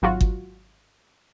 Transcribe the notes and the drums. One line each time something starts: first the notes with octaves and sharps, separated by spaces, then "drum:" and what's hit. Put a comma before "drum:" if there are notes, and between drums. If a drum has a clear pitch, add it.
G#1 F#3 F4 F#4
drum: kick G1